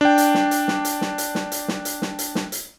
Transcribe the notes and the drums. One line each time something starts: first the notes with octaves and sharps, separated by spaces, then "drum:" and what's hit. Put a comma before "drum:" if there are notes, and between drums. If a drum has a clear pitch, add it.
D4 G5
drum: hi-hat
drum: snare
drum: hi-hat
drum: snare
drum: hi-hat
drum: snare
drum: hi-hat
drum: snare
drum: hi-hat
drum: snare
drum: hi-hat
drum: snare
drum: hi-hat
drum: snare
drum: hi-hat